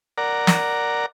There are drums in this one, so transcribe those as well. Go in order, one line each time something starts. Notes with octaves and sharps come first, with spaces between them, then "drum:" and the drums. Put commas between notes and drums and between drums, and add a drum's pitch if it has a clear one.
A#4 D5 F#5 A#5
drum: snare